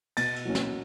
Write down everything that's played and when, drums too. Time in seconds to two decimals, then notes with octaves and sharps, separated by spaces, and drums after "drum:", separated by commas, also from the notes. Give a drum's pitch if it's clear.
0.17 B2 A6, drum: cymbal
0.36 drum: cymbal
0.45 F#3 A#3 C#4
0.55 drum: snare